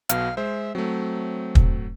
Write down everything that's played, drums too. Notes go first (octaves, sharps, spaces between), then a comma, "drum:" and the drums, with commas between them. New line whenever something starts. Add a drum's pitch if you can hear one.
B1 B2 F5, drum: hi-hat
G#3 C5 E5
F#3 A3 C4
drum: kick